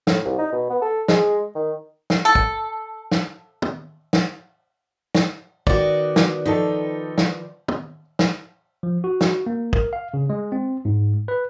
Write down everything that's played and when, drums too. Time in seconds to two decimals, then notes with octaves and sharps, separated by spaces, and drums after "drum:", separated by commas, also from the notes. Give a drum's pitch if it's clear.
0.07 A2, drum: snare
0.25 C2
0.38 D#4
0.52 B2
0.70 B3
0.82 A4
1.08 G#3, drum: snare
1.55 D#3
2.10 drum: snare
2.25 A4
2.35 drum: kick
3.11 drum: snare
3.62 drum: tom
4.13 drum: snare
5.15 drum: snare
5.67 D#3 B3 F#4 D5, drum: kick
6.16 drum: snare
6.45 D#3 F3 D#4 A4 B4
7.18 drum: snare
7.68 drum: tom
8.19 drum: snare
8.83 F3
9.04 F#4
9.21 drum: snare
9.47 A#3
9.73 A#4, drum: kick
9.93 F5
10.14 C#3
10.30 G#3
10.52 C4
10.85 G#2
11.28 B4